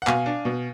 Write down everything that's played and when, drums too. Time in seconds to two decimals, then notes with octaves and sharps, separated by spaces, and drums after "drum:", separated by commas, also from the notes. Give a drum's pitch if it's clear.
0.02 F#5
0.07 B2 F5 G#5, drum: clap
0.26 D4
0.45 B2